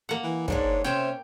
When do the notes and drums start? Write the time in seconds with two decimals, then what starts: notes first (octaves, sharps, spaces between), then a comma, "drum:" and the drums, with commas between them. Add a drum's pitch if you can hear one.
0.09 A#3 F#5
0.24 E3
0.48 G#2 G#3 D4 C#5, drum: kick
0.84 C3 C#4 C5 E5 G5